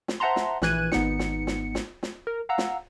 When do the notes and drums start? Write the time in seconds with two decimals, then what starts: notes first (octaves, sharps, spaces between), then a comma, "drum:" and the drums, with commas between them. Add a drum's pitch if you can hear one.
0.08 drum: snare
0.20 C5 E5 F#5 A5 A#5 C6
0.36 drum: snare
0.62 A#1 E3 F#6 G#6 D#7, drum: snare
0.92 G#1 B3 D#4 C#7, drum: snare
1.19 drum: snare
1.47 drum: snare
1.75 drum: snare
2.03 drum: snare
2.27 A#4
2.49 F5 F#5 A#5 E6
2.58 drum: snare